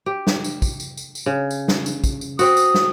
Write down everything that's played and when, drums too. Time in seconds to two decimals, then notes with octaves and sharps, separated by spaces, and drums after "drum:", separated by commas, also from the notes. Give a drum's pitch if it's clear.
0.06 G4
0.27 drum: snare
0.44 drum: tambourine
0.62 drum: kick, tambourine
0.80 drum: tambourine
0.97 drum: tambourine
1.15 drum: tambourine
1.26 C#3
1.51 drum: tambourine
1.68 drum: snare
1.86 drum: tambourine
2.04 drum: kick, tambourine
2.21 drum: tambourine
2.39 C4 F#4 D#6, drum: tambourine
2.57 drum: tambourine
2.74 drum: snare